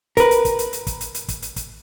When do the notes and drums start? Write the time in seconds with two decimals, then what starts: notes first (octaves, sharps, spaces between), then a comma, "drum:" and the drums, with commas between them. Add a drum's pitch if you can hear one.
0.17 A#4 B4, drum: kick, hi-hat
0.31 drum: hi-hat
0.45 drum: kick, hi-hat
0.59 drum: hi-hat
0.73 drum: hi-hat
0.87 drum: kick, hi-hat
1.01 drum: hi-hat
1.14 drum: hi-hat
1.28 drum: kick, hi-hat
1.42 drum: hi-hat
1.56 drum: kick, hi-hat